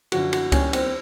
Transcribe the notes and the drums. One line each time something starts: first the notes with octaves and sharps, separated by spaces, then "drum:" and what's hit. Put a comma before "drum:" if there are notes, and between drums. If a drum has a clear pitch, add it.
F#2 D3 F3 F#4, drum: cymbal
F#4, drum: cymbal
D#2 D#3 G3 C#4, drum: kick C#2, cymbal
C4, drum: cymbal